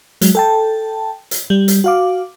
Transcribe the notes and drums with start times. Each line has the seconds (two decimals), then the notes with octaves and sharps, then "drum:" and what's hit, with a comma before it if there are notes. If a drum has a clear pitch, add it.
0.21 F#3 G#3, drum: hi-hat
0.35 A4 G5 A5
1.31 drum: hi-hat
1.50 G3
1.68 drum: hi-hat
1.84 F#4 F5 D6